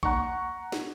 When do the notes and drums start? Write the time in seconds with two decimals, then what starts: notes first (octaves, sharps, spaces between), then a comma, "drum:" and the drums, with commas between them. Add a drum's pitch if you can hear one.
0.03 F#5 A#5 C#6, drum: kick A#1
0.72 drum: snare